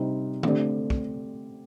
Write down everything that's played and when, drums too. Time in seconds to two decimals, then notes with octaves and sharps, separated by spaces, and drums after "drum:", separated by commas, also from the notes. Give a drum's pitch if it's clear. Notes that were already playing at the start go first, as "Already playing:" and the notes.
Already playing: C3 G3 C4 D#4
0.43 D3 A3 C4 G4 D5, drum: tom D#3
0.90 drum: kick